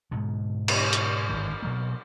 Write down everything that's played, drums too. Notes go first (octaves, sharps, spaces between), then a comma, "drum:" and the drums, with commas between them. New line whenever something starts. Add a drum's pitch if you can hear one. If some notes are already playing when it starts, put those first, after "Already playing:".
G#2 B2 D3
drum: cymbal
drum: hi-hat
G#1 G2 D3
B2 F#3 A#3